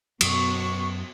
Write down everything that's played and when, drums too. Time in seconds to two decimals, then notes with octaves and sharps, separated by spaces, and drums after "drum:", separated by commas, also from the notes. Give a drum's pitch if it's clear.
0.21 F#2 B2 F#3 C#6, drum: cymbal